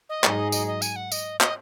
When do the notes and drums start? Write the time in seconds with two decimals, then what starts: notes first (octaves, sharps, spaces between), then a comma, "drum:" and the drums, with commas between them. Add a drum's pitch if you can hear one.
0.09 D#5
0.24 G#2 F#3 D#4 G#4, drum: clap
0.52 D#5, drum: tambourine
0.67 D#5
0.82 G#5, drum: tambourine
0.96 F#5
1.12 D#5, drum: tambourine
1.41 D#5, drum: clap